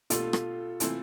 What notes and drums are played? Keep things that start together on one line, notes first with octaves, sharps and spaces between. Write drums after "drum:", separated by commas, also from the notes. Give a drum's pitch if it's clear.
B2 A3 D4 F4 G4 A4, drum: hi-hat
drum: rim click
C3 E3 A3 C4 E4, drum: hi-hat